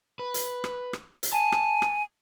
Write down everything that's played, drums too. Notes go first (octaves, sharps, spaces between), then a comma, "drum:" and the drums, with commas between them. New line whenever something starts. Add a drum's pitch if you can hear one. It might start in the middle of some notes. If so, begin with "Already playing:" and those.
B4
drum: hi-hat
drum: rim click
drum: rim click
drum: hi-hat
G#5 A5
drum: rim click
drum: rim click